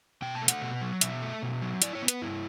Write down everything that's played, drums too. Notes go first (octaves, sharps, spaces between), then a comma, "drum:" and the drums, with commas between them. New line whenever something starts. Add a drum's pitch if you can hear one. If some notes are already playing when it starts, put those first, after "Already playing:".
B2 G5
A5
A3
F#5, drum: hi-hat
B2
F#3
B2 E5, drum: hi-hat
A3
B2
F#3
E4 D5, drum: hi-hat
C#5
B3
B4, drum: hi-hat
G2 E4